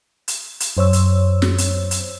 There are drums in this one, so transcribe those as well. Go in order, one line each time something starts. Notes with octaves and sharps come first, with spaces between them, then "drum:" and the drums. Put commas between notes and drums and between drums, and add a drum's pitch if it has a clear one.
drum: hi-hat
drum: hi-hat
F#2 C5 C#5 E6
drum: hi-hat
drum: snare
drum: hi-hat
drum: hi-hat